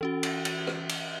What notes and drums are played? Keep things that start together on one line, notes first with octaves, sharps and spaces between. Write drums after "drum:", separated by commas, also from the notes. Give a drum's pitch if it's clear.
E3 C#4 F#4
drum: cymbal
drum: cymbal
drum: rim click
drum: cymbal